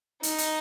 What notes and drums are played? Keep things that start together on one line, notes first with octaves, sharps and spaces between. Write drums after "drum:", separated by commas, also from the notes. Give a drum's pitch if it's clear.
D#4, drum: hi-hat
drum: hi-hat